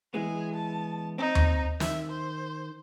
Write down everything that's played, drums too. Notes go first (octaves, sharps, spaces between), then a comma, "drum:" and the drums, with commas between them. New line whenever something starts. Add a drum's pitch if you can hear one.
E3 G#3 B3 G#4
A5
C4 D#4
drum: tom D#2
D#3 E5, drum: snare
C5